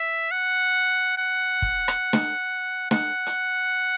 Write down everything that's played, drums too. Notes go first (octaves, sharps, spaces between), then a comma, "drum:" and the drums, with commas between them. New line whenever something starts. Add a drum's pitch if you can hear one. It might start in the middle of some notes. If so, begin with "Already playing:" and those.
Already playing: E5
F#5
F#5
drum: kick
drum: rim click
drum: snare
F#5, drum: snare
drum: hi-hat